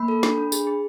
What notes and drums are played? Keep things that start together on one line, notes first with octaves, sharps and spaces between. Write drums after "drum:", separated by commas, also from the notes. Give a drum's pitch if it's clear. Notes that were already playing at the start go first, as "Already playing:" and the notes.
Already playing: A#3 B5
A4
D4, drum: snare
D4
G#4, drum: tambourine
G#4